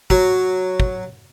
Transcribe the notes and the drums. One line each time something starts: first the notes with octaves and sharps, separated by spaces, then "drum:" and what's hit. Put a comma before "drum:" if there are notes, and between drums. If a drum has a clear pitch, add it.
F#3, drum: kick
drum: kick